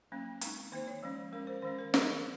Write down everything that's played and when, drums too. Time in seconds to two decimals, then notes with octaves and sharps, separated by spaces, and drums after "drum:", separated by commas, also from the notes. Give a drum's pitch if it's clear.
0.12 F#3 A#3 C#4
0.41 G#3 C4 D#4, drum: hi-hat
0.72 D#3 A#3 D#4 C5
0.88 C#5
1.03 F3 G#3 C#4
1.33 G#3 C#4 A#4
1.47 C5
1.62 D#3 G#3 C#4 C5
1.79 A#4
1.94 D#3 F#3 C4 G#4, drum: snare